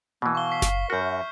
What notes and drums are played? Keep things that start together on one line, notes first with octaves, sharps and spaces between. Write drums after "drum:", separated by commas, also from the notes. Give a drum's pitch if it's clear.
B2 E3 A#3
F5 C#6 G7
C#6 B6 C7
drum: snare F#1
F#2 F#4 A#4 F6 G6
E5